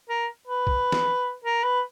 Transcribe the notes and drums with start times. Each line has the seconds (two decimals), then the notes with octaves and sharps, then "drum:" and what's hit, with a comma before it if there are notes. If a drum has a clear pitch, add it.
0.10 A#4
0.47 B4
0.67 drum: kick
0.92 drum: snare
1.44 A#4
1.63 B4